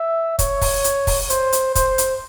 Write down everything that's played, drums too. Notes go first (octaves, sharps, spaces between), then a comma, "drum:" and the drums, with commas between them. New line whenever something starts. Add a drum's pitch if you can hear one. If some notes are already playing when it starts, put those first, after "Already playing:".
Already playing: E5
C#5, drum: kick, hi-hat
drum: kick, open hi-hat
drum: hi-hat
drum: kick, open hi-hat
C5, drum: hi-hat
drum: hi-hat
C5, drum: kick, hi-hat
drum: hi-hat